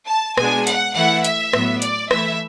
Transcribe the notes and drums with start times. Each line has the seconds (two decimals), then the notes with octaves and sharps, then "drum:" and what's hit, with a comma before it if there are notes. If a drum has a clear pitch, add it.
0.09 A5
0.37 B2 G#3 B3 D4 G#5, drum: rim click
0.67 F#5, drum: hi-hat
0.95 E3 A3 E4 F#5
1.24 E5, drum: hi-hat
1.53 A2 F#3 B3, drum: rim click
1.82 D5, drum: hi-hat
2.11 E3 A3 E4 E5, drum: rim click